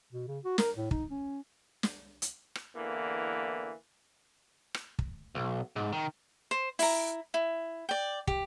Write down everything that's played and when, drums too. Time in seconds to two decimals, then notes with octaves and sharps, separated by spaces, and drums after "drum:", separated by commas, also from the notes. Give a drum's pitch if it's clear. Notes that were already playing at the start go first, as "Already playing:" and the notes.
0.12 B2
0.28 C#3
0.44 F#4
0.58 A#4, drum: snare
0.77 A2
0.91 D#4, drum: kick
1.10 C#4
1.83 drum: snare
2.22 drum: hi-hat
2.55 drum: rim click
2.75 E2 D3 E3 A#3
4.74 drum: rim click
4.99 drum: kick
5.35 B1
5.76 G#2
5.93 D#3
6.51 C5
6.79 E4 A#5, drum: open hi-hat
7.34 E4
7.89 D5 G5
8.27 G4, drum: kick